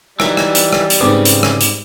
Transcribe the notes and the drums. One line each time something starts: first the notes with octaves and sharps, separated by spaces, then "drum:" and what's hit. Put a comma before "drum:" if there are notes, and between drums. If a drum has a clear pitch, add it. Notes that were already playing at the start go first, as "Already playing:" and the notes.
E3 F#3 G3 D#4, drum: rim click
drum: rim click
drum: hi-hat
drum: rim click
drum: hi-hat
G#2 C#3 G#3 C4 B4 D6
drum: hi-hat
drum: rim click
drum: hi-hat